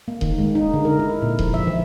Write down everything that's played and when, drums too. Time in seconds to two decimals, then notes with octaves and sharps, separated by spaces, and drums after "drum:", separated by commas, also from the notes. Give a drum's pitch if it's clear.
0.08 A#3
0.21 D#3, drum: kick D#1
0.38 G#3
0.55 D#4
0.74 D3
0.85 A#4
0.99 E4
1.22 A#2
1.39 F3, drum: kick D#1
1.54 E5
1.67 E3